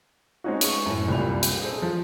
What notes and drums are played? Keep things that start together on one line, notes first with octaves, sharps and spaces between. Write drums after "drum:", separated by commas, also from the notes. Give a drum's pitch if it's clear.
G#3 C4 C#4 D#4 F#4
G#3 C#6, drum: hi-hat
F#2 A2
C2 F#2 A#2 G3 F7
drum: hi-hat
G#4 A4 C5
F3